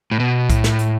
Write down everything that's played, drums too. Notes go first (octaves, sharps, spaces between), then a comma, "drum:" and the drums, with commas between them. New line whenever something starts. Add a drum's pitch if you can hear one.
A2
B2
A2, drum: kick, hi-hat
drum: snare
drum: hi-hat